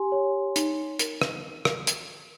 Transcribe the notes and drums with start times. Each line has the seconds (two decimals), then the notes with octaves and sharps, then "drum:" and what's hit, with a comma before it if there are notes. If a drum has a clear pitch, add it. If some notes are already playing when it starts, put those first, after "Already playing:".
Already playing: G4 G#5 C6
0.12 C#5
0.56 D#4, drum: hi-hat
0.99 A#4, drum: hi-hat
1.22 drum: rim click
1.65 drum: rim click
1.87 drum: hi-hat